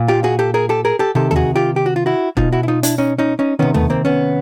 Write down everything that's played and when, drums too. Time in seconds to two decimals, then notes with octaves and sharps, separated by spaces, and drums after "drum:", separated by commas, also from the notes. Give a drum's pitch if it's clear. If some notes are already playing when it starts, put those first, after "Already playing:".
Already playing: A#2
0.08 F4 G4
0.24 F#4 G#4
0.39 G4 A4
0.54 G#4 A#4
0.69 G4 A4
0.85 G#4 A#4
0.99 G4 A4
1.15 C3 D#3 G4 A4
1.31 A4, drum: tom
1.36 F#4 G#4
1.56 F4 G4
1.76 G4
1.86 F#4
1.96 F4
2.06 E4 F#4
2.37 B2 D#4 F4, drum: kick
2.52 E4 F#4
2.63 E4
2.68 D#4 F4
2.83 D4 E4, drum: hi-hat
2.98 C#4 D#4
3.18 C#4 D#4
3.39 C#4 D#4
3.59 C3 D#3 B3 C#4
3.74 A3 B3, drum: tom
3.90 A#3 C4
4.05 B3 C#4